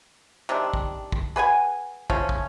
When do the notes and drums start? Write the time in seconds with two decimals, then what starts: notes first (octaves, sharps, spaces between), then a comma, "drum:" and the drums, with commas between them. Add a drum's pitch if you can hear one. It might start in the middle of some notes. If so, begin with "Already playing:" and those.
0.49 C3 D#3 G#3 D4
0.74 drum: kick
1.12 drum: kick
1.36 G#4 B4 F#5 G#5
2.10 C#3 F3 A3 C#4, drum: kick
2.29 drum: kick